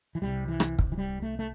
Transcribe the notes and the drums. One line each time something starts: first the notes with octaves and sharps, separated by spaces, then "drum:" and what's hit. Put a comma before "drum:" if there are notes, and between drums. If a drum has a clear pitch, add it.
E3
C2 C3 G3
E3
drum: rim click
drum: kick
E3
G3
A3
A3